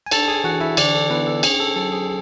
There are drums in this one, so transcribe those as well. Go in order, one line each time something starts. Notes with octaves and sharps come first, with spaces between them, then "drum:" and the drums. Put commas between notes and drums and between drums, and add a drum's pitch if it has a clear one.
G#5
D4 A4 A5, drum: cymbal
G#4 G#5
E3 F#4 F#5
E4 E5
D3 D4 D5, drum: cymbal
A4
B3 E4 B4
A4
C#4 G#4, drum: cymbal
A4
F#3 A4
G#4